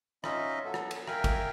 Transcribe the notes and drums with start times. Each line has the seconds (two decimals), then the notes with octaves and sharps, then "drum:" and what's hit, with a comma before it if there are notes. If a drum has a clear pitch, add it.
0.24 C#4 D#4 F4 D#5 E5, drum: rim click
0.65 F#3 B3 A4
0.74 drum: rim click
0.91 drum: cymbal
1.08 A#4 E5 F5 G5 G#5, drum: rim click
1.24 drum: kick A1, cymbal